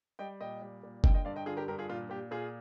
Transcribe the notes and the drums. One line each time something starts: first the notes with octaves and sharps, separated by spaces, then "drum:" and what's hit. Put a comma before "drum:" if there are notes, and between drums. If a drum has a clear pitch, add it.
G3 D#5 G5
A#2 D#5 G5
G3
A#2
D3 D#5 G5, drum: kick F#1
D#5 G5
G2 D5 F5
D#5 G5
D3 F4 G#4
G4 A#4
G2 G4 A#4
F4 G#4
A#2 F4
A#2 G4
A#2 F4 G#4